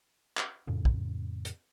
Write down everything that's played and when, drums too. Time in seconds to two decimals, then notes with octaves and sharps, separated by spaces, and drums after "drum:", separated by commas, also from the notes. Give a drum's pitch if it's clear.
0.37 drum: clap
0.67 F2 A2 C#3
0.85 drum: kick
1.45 drum: hi-hat